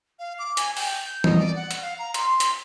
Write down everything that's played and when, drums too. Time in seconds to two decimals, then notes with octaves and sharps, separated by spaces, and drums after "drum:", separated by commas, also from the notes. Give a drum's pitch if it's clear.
0.19 F5
0.39 D6
0.57 G#5, drum: hi-hat
0.77 G5, drum: open hi-hat
1.05 G6
1.24 D#5, drum: tom E3
1.39 D5
1.56 F#5
1.71 drum: hi-hat
1.82 F5
1.99 A#5
2.14 C6, drum: hi-hat
2.40 drum: hi-hat